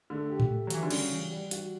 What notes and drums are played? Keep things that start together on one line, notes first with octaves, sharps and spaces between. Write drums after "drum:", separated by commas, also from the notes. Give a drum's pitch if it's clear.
D3 A3
G4
drum: tom A2
A3
F#3
E3 F#4, drum: hi-hat
D3
C#3 G3, drum: cymbal
E3
G3
F#4, drum: hi-hat